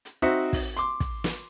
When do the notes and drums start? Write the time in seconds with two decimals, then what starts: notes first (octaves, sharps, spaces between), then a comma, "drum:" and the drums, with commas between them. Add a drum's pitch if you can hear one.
0.05 drum: hi-hat
0.22 C4 D#4 F#4 E5 F#5
0.53 drum: kick, open hi-hat
0.77 C6 D6, drum: hi-hat
1.00 drum: kick, hi-hat
1.24 drum: snare